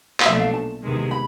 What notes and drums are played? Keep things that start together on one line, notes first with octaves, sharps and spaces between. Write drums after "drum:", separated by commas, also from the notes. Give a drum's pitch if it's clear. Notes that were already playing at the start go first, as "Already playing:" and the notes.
F5, drum: clap
B1 A#2 F3 A3 D4 E5
F5
A5
E2 C3 D#3 G#3
B5